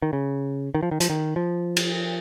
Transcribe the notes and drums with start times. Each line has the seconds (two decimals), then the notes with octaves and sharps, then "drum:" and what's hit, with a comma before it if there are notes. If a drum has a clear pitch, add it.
0.02 D#3
0.13 C#3
0.75 D#3
0.83 F3
0.91 D#3
1.00 F3, drum: hi-hat
1.10 D#3
1.36 F3
1.76 drum: cymbal